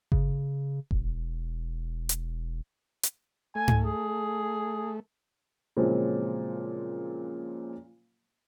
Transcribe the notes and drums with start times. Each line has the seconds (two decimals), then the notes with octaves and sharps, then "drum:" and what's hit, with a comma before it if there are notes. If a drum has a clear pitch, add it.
0.12 C#3, drum: kick G1
0.91 E1, drum: kick G1
2.09 drum: hi-hat
3.03 drum: hi-hat
3.55 A3 G#5
3.68 drum: tom G#2
3.85 G#4
5.77 A#2 C#3 F3 F#3 G#3 C4